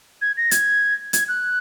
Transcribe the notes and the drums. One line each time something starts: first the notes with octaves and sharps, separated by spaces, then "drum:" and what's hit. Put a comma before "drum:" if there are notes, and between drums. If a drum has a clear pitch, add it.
G#6
A#6
G#6, drum: hi-hat
G#6, drum: hi-hat
F#6